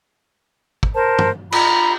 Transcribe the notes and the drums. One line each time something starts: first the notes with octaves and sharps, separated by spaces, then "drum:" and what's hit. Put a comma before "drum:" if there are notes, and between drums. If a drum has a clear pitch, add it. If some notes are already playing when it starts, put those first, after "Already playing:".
drum: kick
A#4 C5 A5
drum: tom
F4 A#5 B5, drum: cymbal